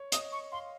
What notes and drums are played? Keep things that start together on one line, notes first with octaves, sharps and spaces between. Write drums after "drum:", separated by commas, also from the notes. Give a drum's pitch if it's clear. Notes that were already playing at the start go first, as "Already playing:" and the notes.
Already playing: C#5
D#5 D#6, drum: hi-hat
C#6
F5 C6